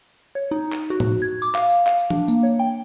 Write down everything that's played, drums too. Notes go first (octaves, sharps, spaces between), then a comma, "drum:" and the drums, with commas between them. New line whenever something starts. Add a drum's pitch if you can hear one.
C#5
D#4
drum: clap
F#4
drum: tom
G#6
D6, drum: tambourine
F5, drum: clap
drum: tambourine
F5, drum: clap
drum: tambourine
D4, drum: tom
A#3, drum: tambourine
C#5
G5